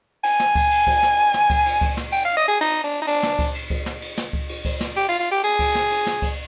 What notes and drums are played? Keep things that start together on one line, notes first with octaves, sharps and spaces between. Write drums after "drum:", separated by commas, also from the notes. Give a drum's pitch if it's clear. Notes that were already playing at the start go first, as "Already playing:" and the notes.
G#5, drum: cymbal
drum: snare
drum: kick C#2, cymbal
drum: cymbal
drum: kick C#2, cymbal
drum: snare
drum: cymbal
drum: snare
drum: kick C#2, cymbal
drum: cymbal
drum: kick C#2, cymbal
drum: snare
G5, drum: cymbal
F5
D#5
G#4
D#4, drum: cymbal
D4
D#4
D4, drum: cymbal
drum: snare
drum: kick C#2, cymbal
drum: cymbal
drum: kick C#2, cymbal
drum: snare
drum: cymbal
drum: snare
drum: kick C#2
drum: cymbal
drum: kick C#2, cymbal
drum: snare
G4
F4
F4
G4
G#4, drum: cymbal
drum: kick C#2, cymbal
drum: snare
drum: cymbal
drum: snare
drum: kick C#2, cymbal